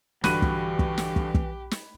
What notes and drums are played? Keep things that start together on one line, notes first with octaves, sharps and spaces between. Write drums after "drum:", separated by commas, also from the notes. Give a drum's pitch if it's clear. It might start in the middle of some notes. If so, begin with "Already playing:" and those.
G2 D3 E3 F#4 G4 B5 F#6 D#7, drum: snare
drum: kick
drum: kick
drum: snare
drum: kick
drum: kick
drum: snare